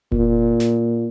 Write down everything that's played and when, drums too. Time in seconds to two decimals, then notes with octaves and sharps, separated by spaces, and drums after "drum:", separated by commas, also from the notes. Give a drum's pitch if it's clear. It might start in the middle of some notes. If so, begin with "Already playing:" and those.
0.12 A#2, drum: kick F1
0.60 drum: snare